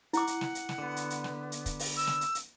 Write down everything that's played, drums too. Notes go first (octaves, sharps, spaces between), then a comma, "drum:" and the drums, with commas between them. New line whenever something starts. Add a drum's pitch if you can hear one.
E4 F#5 D6, drum: hi-hat
drum: hi-hat
drum: snare
drum: hi-hat
drum: snare
D3 B3
drum: hi-hat
drum: hi-hat
drum: snare
drum: hi-hat
drum: kick, hi-hat
drum: open hi-hat
E6
drum: snare
drum: hi-hat
drum: hi-hat